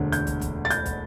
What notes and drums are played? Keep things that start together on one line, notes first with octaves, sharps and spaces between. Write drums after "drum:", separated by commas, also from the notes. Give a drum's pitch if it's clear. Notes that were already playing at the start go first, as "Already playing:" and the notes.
Already playing: E1 D2 D3
G6, drum: hi-hat
drum: kick, hi-hat
drum: kick, hi-hat
A6
G6, drum: hi-hat
drum: kick, hi-hat